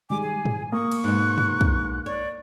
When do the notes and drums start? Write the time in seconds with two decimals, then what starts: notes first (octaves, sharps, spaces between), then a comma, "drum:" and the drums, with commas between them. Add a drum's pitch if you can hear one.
0.10 D#3 G3 G#3 G#5 D6
0.22 G#4
0.45 drum: tom G#2
0.72 A#3 C#6 D#6
0.92 drum: cymbal
1.04 G#2 B2 F#6
1.38 drum: tom G2
1.61 drum: kick
2.06 C#5 D5